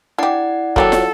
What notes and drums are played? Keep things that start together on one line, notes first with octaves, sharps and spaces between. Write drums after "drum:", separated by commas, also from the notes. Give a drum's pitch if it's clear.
D4 E4 G4 D5 F#5
F#3 A#3 F#4 G4 A4, drum: kick
drum: snare